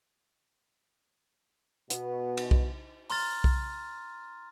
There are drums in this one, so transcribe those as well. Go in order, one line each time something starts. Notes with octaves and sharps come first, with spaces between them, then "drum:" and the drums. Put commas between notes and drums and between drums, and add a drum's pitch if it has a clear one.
B2 B3, drum: hi-hat
drum: cymbal
drum: kick B1
A#5 C6 F6 A6, drum: open hi-hat
drum: kick B1